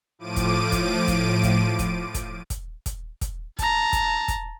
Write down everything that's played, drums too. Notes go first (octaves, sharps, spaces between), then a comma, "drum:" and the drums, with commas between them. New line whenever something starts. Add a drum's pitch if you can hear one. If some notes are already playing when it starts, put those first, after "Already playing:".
A2 F3 D6 D7 D#7
drum: kick, hi-hat
drum: kick, hi-hat
drum: kick, hi-hat
drum: kick, hi-hat
drum: kick, hi-hat
drum: kick, hi-hat
drum: kick, hi-hat
drum: kick, hi-hat
drum: kick, hi-hat
A5 A#5, drum: kick, hi-hat
drum: kick, hi-hat
drum: kick, hi-hat